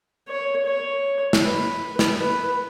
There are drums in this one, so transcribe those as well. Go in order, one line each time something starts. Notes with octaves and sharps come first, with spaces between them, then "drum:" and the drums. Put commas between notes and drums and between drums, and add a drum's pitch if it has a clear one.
C#5
C#5
drum: snare
B4
drum: snare
B4